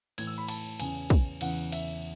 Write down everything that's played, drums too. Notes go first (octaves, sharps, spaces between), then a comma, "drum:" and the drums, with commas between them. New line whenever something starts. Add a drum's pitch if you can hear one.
A2 E3 G#6, drum: cymbal
E6
B5
A5, drum: cymbal
E2 C#3 E3 G#5, drum: cymbal
drum: kick
E2 C#3 E3 F#5, drum: cymbal
E5, drum: cymbal